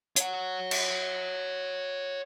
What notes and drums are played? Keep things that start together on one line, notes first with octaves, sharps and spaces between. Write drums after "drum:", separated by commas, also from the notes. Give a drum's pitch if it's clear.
C#5 F#5, drum: hi-hat
drum: cymbal